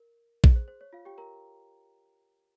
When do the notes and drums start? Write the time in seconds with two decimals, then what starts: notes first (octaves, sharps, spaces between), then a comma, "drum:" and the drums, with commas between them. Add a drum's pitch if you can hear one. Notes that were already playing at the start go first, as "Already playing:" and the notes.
Already playing: A#4
0.44 G#4, drum: kick A#1
0.56 C5
0.68 C5
0.81 C#5
0.93 F4 F5
1.05 G4 G5
1.18 A#4 A#5